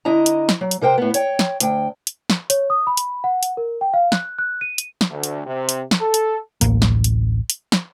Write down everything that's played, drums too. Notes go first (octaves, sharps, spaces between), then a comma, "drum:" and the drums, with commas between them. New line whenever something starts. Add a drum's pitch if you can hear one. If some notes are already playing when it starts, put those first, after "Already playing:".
D3 E4 D#5 A#5
drum: hi-hat
drum: snare
F#3
drum: hi-hat
C3 A#4 C5 G5
A2 B3
C#5 G5, drum: hi-hat
drum: snare
D2 G5, drum: hi-hat
drum: hi-hat
drum: snare
C#5, drum: hi-hat
D#6
B5
drum: hi-hat
F#5
drum: hi-hat
A#4
G5
F5
F#6, drum: snare
F#6
D#7
drum: hi-hat
drum: snare
D2
drum: hi-hat
C3
drum: hi-hat
drum: snare
A4
drum: hi-hat
D1 A1 G#2 A#3, drum: hi-hat
drum: snare
drum: hi-hat
drum: hi-hat
drum: snare